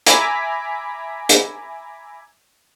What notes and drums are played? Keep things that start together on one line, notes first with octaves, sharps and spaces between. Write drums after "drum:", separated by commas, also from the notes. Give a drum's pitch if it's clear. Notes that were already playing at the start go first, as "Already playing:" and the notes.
E5 G#5 A#5 B5 D6 B6, drum: hi-hat
drum: hi-hat